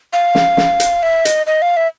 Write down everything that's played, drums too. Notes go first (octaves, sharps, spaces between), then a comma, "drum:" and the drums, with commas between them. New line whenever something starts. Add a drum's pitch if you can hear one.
F5
drum: snare
drum: snare
drum: hi-hat
E5
D#5, drum: hi-hat
D#5
F5
E5